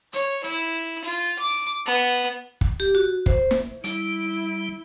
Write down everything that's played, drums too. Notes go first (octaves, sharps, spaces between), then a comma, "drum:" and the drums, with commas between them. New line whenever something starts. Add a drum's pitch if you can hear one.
C#5, drum: hi-hat
E4, drum: hi-hat
F4
D6
B3
drum: kick
G4
F#4
C5, drum: kick
drum: snare
G3 E4, drum: hi-hat